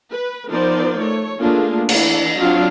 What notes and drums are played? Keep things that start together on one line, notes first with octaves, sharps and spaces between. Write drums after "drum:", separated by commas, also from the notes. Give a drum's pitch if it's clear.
B4
F3 B3 D#4 A#4 C5 D5
A3 C#5
A3 A#3 D4 F4 G#4
E3 D4, drum: cymbal
F#3 C4 D4 F4 F5